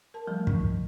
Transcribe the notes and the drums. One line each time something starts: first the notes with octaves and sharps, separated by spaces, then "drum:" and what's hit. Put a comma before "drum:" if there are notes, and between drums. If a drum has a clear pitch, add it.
A#4 A5
F3 G3 A3
C#6, drum: kick